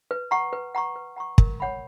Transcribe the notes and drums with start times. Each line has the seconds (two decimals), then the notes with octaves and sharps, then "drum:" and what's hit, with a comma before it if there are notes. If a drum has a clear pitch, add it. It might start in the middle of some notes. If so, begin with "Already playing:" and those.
0.11 B4
0.31 F#5 A#5 C#6
0.53 B4
0.75 F#5 A#5 C#6
0.96 B4
1.16 F#5 A#5 C#6
1.38 A#4, drum: kick
1.60 C#5 F#5 B5